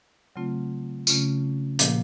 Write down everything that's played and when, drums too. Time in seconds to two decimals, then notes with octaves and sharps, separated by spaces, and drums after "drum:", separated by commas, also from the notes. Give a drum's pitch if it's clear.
0.36 C#3 F#3 A3 C4 F4
1.07 C#3 A3 C#4 F4, drum: tambourine
1.79 A#2 F3 A#3, drum: hi-hat